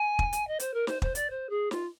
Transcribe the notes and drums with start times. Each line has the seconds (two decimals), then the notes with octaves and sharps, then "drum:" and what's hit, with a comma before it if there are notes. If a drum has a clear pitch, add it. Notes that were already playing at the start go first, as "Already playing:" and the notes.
Already playing: G#5
0.19 drum: kick
0.33 drum: hi-hat
0.47 D#5
0.60 C5, drum: hi-hat
0.73 A#4
0.87 C5, drum: snare
1.02 C5, drum: kick
1.15 D5, drum: hi-hat
1.30 C5
1.49 G#4
1.71 F4, drum: snare